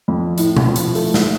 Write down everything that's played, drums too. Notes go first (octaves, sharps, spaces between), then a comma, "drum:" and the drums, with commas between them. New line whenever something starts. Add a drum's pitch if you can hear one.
F2
A2, drum: hi-hat
drum: tom B2
F3
drum: hi-hat
A3, drum: open hi-hat
drum: snare